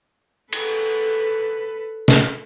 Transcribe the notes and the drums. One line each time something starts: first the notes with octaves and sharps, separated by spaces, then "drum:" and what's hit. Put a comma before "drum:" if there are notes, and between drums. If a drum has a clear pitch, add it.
A4 B4, drum: cymbal
drum: snare